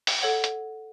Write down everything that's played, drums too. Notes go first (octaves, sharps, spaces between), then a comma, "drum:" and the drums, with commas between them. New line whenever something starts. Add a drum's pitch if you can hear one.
drum: open hi-hat
A4 C#5 F#5
drum: hi-hat